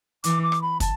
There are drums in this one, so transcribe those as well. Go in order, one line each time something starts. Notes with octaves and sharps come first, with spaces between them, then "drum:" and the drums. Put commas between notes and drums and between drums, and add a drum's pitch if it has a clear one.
E3 D6, drum: hi-hat
D6
drum: rim click
B5
A5, drum: kick, hi-hat